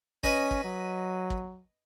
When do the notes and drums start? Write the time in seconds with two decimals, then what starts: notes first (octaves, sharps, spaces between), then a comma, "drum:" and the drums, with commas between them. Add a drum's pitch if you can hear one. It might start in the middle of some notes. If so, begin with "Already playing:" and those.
0.23 C#4 B4 D#5 G#5, drum: kick
0.51 drum: kick
0.64 F#3
1.30 drum: kick